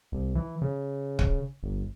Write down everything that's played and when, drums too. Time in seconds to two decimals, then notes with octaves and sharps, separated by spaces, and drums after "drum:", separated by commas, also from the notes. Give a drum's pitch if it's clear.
0.12 C2
0.35 E3
0.62 C#3
1.19 drum: kick
1.63 G1